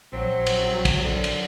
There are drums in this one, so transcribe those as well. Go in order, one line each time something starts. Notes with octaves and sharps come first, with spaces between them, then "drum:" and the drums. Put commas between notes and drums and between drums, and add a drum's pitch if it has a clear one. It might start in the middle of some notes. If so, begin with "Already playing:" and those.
A#1 F#3 C4
drum: cymbal
drum: kick, cymbal
D3
drum: cymbal